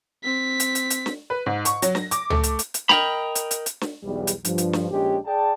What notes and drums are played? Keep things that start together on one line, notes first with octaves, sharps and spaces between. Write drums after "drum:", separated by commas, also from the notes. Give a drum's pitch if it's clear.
C4 B6
drum: hi-hat
drum: hi-hat
drum: hi-hat
drum: snare
B4
G#2
C#6, drum: hi-hat
F#3, drum: hi-hat
A#6, drum: snare
D6, drum: hi-hat
A3, drum: tom
drum: hi-hat
drum: hi-hat
drum: hi-hat
A#4 D#5 F5 G5 A#5 B5, drum: snare
drum: hi-hat
drum: hi-hat
drum: hi-hat
drum: snare
B1 E2 G3
drum: hi-hat
G2 F3, drum: hi-hat
drum: hi-hat
drum: snare
A#1 G#3 C#4 D4 G4
G#4 D5 G5 A5